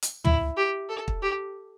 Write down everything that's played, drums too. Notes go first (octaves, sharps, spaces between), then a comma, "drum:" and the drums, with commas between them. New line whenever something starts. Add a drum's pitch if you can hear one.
drum: hi-hat
E4, drum: tom
G4
A4
drum: kick
G4